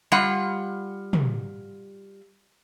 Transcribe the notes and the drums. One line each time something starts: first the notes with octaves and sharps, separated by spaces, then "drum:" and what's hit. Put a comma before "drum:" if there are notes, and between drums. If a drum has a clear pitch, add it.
G3 F4 F#5
drum: tom